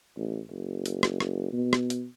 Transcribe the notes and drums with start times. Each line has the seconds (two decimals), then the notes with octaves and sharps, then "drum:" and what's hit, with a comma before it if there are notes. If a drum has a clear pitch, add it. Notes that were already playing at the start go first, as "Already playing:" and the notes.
0.17 A1
0.51 F#1
0.86 drum: hi-hat
1.03 drum: rim click
1.20 drum: rim click
1.52 B2
1.73 drum: rim click
1.90 drum: hi-hat